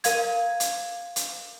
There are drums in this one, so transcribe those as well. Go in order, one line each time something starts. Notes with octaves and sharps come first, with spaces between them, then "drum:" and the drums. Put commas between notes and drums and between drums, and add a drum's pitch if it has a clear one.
A#4 F5 G#6, drum: hi-hat
drum: hi-hat
drum: hi-hat